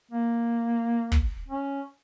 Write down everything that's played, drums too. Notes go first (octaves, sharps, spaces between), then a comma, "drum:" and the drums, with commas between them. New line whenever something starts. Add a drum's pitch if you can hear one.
A#3
drum: kick
C#4